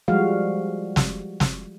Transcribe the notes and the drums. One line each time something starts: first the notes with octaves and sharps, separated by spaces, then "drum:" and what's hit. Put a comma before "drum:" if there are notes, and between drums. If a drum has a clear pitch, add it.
F3 G3 G#3 F#4 F5
drum: snare
drum: snare